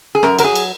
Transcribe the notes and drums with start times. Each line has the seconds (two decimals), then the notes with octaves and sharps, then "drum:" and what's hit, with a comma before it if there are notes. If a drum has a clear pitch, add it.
0.15 G#4
0.23 F#2 A#4, drum: rim click
0.39 F#3 A#4, drum: cymbal
0.44 G#4
0.55 drum: cymbal